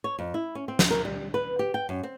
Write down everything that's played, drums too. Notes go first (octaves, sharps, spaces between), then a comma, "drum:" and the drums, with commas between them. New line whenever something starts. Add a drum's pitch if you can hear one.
C#5
F2
E4
C#4
C4
drum: snare
A#4
G3
B4
G4
G5
F#2
C4